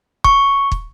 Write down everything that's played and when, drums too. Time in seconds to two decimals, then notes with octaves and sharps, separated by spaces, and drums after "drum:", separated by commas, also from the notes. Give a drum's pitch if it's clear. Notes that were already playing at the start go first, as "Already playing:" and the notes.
0.24 C#6, drum: kick
0.72 drum: kick